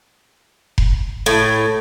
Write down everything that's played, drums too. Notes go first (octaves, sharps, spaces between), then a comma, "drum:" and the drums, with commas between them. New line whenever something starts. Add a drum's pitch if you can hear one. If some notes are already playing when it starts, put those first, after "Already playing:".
drum: kick F1
A2